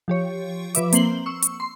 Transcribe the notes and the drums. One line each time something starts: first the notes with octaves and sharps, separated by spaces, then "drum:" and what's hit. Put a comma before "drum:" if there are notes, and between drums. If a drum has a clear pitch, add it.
F3 G4 C#5
F3 B4 E5 D6, drum: hi-hat
A#3 C4 C7 F#7 G7, drum: hi-hat
C#6 E6
drum: hi-hat
C6